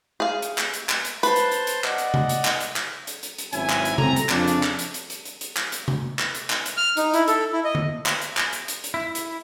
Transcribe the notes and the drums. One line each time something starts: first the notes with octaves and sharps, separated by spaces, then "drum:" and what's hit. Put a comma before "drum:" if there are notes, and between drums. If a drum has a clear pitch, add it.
G#4 F5
drum: hi-hat
drum: clap
drum: hi-hat
drum: clap
drum: hi-hat
B4 C5 A5 C6, drum: hi-hat
drum: hi-hat
drum: hi-hat
drum: hi-hat
D5 D#5 F#5, drum: clap
drum: hi-hat
drum: tom C3
drum: hi-hat
drum: clap
drum: hi-hat
drum: clap
drum: hi-hat
drum: hi-hat
drum: hi-hat
G#1 C3 F#3 C#4 E4 G#5, drum: hi-hat
drum: clap
drum: hi-hat
C2 F#2 C4 A4 A#5, drum: tom C3
drum: hi-hat
F2 C#3 F3 D4, drum: clap
drum: hi-hat
drum: clap
drum: hi-hat
drum: hi-hat
drum: hi-hat
drum: hi-hat
drum: hi-hat
drum: clap
drum: hi-hat
drum: tom C3
drum: clap
drum: hi-hat
drum: clap
drum: hi-hat
F6
D#4, drum: hi-hat
E4, drum: hi-hat
A4, drum: hi-hat
E4
D#5
drum: tom D3
drum: clap
drum: hi-hat
drum: clap
drum: hi-hat
drum: hi-hat
drum: hi-hat
E4
drum: hi-hat